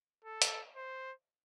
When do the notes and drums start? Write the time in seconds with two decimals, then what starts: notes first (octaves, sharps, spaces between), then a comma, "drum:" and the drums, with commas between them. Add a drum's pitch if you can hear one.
0.24 A4
0.42 drum: hi-hat
0.76 C5